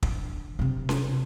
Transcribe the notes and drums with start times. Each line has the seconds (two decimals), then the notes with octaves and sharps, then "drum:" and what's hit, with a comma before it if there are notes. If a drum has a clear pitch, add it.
0.03 D3, drum: kick
0.59 C3 C4
0.89 drum: snare C#4